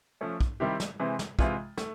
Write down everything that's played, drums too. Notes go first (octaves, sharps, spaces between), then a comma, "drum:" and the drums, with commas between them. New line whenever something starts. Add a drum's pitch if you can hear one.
F3 A3 C#4
drum: kick
D#3 G3 C4 E4 G4
drum: snare
C3 E3 G#3 C4
drum: snare
C3 E3 G#3 C4 F4, drum: kick
A3, drum: snare